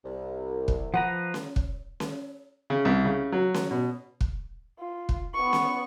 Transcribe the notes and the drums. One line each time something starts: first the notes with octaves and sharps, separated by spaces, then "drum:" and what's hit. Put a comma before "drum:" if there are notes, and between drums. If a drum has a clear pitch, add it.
C2
drum: kick
F3 B4 F#5 A#5
drum: snare C#4
drum: kick
drum: snare C#4
C#3
C2
C#3
F#3
drum: snare C#4
B2
drum: kick
F4
drum: kick
B3 C#6
drum: snare C#4